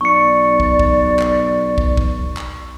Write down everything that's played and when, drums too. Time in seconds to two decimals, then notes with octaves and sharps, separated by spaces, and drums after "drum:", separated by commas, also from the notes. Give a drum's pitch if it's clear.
0.01 B1 D5 C#6 C#7
0.60 drum: kick
0.79 drum: kick
1.19 drum: clap
1.78 drum: kick
1.97 drum: kick
2.37 drum: clap